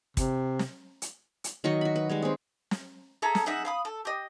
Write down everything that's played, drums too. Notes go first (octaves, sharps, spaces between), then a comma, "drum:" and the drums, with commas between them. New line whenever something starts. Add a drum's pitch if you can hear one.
C3, drum: kick, hi-hat
drum: snare
drum: hi-hat
drum: hi-hat
D#3 F#3 D#5 C#6
F#4 B5
B4
G3 G#3 C#5
C4 G#4
drum: snare
G#4 A4 E5 A#5
drum: snare
D#4 G#4 E5 F#5
F5 B5 D#6
A4
G4 D#5